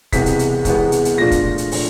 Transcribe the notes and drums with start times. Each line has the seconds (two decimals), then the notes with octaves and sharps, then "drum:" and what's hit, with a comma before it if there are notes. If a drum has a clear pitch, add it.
0.12 C2 C3 E3 G#3 B3 B6, drum: kick, hi-hat
0.26 drum: hi-hat
0.39 drum: hi-hat
0.65 C2 C3 E3 G#3 B3, drum: kick, hi-hat
0.92 drum: hi-hat
1.05 drum: hi-hat
1.18 A#2 F3 A3 D4 F4 A#6
1.31 drum: kick, hi-hat
1.58 drum: hi-hat
1.72 A#2 F3 A3 D4, drum: open hi-hat